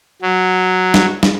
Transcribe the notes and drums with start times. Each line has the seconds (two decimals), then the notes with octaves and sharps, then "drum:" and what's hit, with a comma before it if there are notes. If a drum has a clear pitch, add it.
0.22 F#3
0.94 drum: snare
1.23 drum: snare